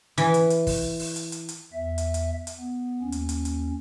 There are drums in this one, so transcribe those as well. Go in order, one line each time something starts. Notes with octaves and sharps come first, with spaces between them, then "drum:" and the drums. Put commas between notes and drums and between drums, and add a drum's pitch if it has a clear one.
E3, drum: hi-hat
drum: hi-hat
drum: hi-hat
drum: kick, open hi-hat
drum: open hi-hat
drum: hi-hat
drum: hi-hat
drum: hi-hat
E2 E5
drum: hi-hat
drum: hi-hat
drum: hi-hat
B3
D#2 C#4
drum: hi-hat
drum: hi-hat
drum: hi-hat